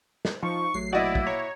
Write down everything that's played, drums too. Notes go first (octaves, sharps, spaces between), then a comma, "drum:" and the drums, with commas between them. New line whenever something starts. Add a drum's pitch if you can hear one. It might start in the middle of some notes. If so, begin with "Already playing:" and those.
drum: snare
F3 D#4 C#6
A1 F#3 A3 C7
B2 A#3 E4 F#4 D5 D#5
drum: kick
C#5 A#5